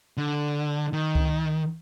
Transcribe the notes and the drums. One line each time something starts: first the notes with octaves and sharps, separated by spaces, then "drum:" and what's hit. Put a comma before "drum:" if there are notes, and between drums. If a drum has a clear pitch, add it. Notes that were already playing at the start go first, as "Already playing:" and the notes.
D3
D#3
drum: kick C#2